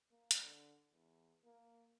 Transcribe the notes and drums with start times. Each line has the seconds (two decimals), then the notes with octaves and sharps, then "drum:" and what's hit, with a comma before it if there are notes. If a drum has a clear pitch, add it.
0.11 A#3
0.31 drum: hi-hat
0.42 D3
0.92 E2
1.45 A#3